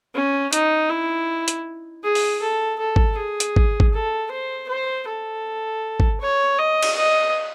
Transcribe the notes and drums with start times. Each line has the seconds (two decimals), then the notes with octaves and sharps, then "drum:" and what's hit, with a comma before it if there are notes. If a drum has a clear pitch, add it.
0.14 C#4
0.53 D#4, drum: hi-hat
0.89 E4
1.48 drum: hi-hat
2.04 G#4
2.15 drum: open hi-hat
2.42 A4
2.79 A4
2.96 drum: kick
3.17 G#4
3.40 drum: hi-hat
3.56 drum: kick
3.80 drum: kick
3.94 A4
4.32 C5
4.69 C5
5.08 A4
6.00 drum: kick
6.21 C#5
6.58 D#5
6.83 drum: cymbal
6.97 D#5